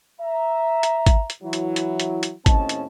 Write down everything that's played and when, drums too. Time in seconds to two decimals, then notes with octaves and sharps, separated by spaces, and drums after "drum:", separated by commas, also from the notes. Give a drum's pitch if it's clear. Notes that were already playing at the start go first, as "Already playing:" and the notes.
0.21 E5 A#5
0.83 drum: hi-hat
1.06 drum: kick, hi-hat
1.30 drum: hi-hat
1.43 E3 F#3 E4
1.53 drum: hi-hat
1.76 drum: hi-hat
2.00 drum: hi-hat
2.23 drum: hi-hat
2.46 D#2 A2 C4 C#4 D#5 A5, drum: kick, hi-hat
2.69 drum: hi-hat